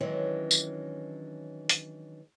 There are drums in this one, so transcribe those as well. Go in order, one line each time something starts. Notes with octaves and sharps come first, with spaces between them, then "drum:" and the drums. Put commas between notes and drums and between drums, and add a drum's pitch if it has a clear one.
D#3 E3 F#3 G#3 C#4 D4
drum: tambourine
drum: hi-hat